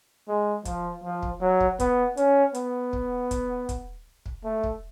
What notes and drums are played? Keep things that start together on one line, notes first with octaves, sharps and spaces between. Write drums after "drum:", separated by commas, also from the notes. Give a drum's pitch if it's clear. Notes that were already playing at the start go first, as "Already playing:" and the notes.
G#3
F3, drum: kick, hi-hat
F3
drum: kick
F#3
drum: kick
B3, drum: kick, hi-hat
C#4, drum: hi-hat
B3, drum: hi-hat
drum: kick
drum: kick, hi-hat
drum: kick, hi-hat
drum: kick
A3
drum: kick